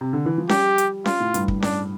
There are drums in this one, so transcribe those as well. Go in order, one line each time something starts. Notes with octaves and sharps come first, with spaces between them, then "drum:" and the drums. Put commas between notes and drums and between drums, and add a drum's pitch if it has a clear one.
C3
D3
E3
F3
G3 G4, drum: snare C#4
drum: hi-hat
F4, drum: snare C#4
A2
G2, drum: hi-hat
drum: kick
D4, drum: snare C#4